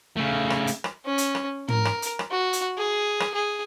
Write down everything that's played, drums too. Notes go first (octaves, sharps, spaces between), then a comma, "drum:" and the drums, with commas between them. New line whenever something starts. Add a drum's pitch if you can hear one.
C#3 A3
drum: rim click
drum: hi-hat
drum: rim click
C#4
drum: hi-hat
drum: rim click
A#4, drum: tom
drum: rim click
drum: hi-hat
drum: rim click
F#4
drum: hi-hat
G#4
drum: rim click
G#4